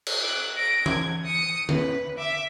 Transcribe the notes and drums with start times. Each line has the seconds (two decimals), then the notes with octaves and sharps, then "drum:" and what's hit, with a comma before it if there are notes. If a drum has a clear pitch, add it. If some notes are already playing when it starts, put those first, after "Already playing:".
0.07 drum: cymbal
0.22 D6 F#6
0.54 A#6 D7
0.86 G#6, drum: tom E3
1.23 D#6 C#7
1.69 B4, drum: tom D3
2.17 E5 D6